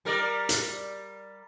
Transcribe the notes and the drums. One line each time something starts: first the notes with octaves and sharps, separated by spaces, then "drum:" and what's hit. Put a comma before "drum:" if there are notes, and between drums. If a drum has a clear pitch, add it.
G3 A#4 D5
drum: hi-hat